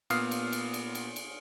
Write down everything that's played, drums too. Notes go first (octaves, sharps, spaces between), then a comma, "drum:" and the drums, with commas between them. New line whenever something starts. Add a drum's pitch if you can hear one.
A#2 B3 F5 D#6 F6 C7, drum: cymbal
drum: cymbal
drum: cymbal
drum: cymbal
drum: cymbal
drum: cymbal